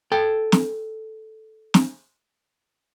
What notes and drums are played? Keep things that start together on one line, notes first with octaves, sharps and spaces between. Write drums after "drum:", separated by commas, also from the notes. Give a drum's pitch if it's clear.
A4 G5
drum: snare
drum: snare